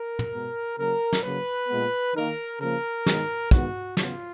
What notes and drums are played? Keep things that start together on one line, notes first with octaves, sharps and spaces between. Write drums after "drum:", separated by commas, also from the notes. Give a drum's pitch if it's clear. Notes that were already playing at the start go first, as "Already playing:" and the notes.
Already playing: A#4
drum: tom
B2 G#3 B3
C#3 F#3 A#3 A#4
drum: snare
C#3 F#3 A#3 B4
A#2 G#3 B3
D#3 A#3 A#4
C#3 F3 A#3 A#4
D#3 G#3 B3, drum: snare
D#3 G#3 B3 F#4, drum: kick
C#3 F#3 B3 F4, drum: snare